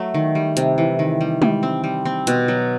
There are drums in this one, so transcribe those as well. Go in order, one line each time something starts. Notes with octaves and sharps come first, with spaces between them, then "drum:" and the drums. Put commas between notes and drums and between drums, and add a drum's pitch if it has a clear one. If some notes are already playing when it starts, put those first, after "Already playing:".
Already playing: F#3 A3
D#3
G3
C3, drum: hi-hat
E3
D#3
G3
G3, drum: tom G#3
C4
G3
C4
B2, drum: hi-hat
F#3